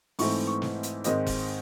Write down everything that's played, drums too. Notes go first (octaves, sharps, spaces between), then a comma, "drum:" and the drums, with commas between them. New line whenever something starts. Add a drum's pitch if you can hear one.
G#2 E3 A3 C4 C#6, drum: open hi-hat
C#6
drum: snare
drum: hi-hat
G#2 D#3 G#3 C4 D#5, drum: hi-hat
drum: kick F1, open hi-hat